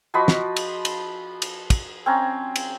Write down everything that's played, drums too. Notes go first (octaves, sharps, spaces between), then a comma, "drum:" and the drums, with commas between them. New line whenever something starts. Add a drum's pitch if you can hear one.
F3 F#4 D#5 B5
drum: snare
drum: cymbal
drum: cymbal
drum: cymbal
drum: kick, cymbal
C4 C#4 A#5
drum: cymbal